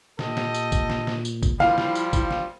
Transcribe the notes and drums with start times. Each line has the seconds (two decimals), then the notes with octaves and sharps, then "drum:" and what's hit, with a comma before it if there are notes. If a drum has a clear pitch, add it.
0.19 A#2 G4 A4 D#5, drum: snare
0.37 drum: snare
0.54 drum: tambourine
0.72 drum: kick, tambourine
0.90 drum: snare
1.07 drum: snare
1.25 drum: tambourine
1.43 drum: kick, tambourine
1.60 F3 G3 E4 F4 F5, drum: snare
1.78 drum: snare
1.95 drum: tambourine
2.13 drum: kick, tambourine
2.31 drum: snare